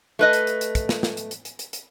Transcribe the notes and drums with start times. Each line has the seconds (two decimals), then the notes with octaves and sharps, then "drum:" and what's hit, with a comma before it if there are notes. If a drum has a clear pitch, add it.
0.19 A3 B4 D#5
0.33 drum: hi-hat
0.47 drum: hi-hat
0.61 drum: hi-hat
0.75 drum: kick, hi-hat
0.89 drum: snare
1.03 drum: snare
1.17 drum: hi-hat
1.31 drum: hi-hat
1.45 drum: hi-hat
1.59 drum: hi-hat
1.73 drum: hi-hat